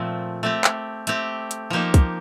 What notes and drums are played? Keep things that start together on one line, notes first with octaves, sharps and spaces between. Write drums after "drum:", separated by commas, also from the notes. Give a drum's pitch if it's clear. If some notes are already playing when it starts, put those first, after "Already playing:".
Already playing: A#2 F3 A3 C4
A3 C4 G4
drum: clap
A3 C4 G4, drum: hi-hat
drum: hi-hat
F3 A#3 D#4 G4 C5
drum: kick, hi-hat